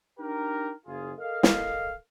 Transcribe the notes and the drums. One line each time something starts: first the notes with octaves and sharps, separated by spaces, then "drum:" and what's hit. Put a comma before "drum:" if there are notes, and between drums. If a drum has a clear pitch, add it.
D4 D#4 G4 A#4
F#1 F4 G#4
A4 A#4 D#5 F5
drum: snare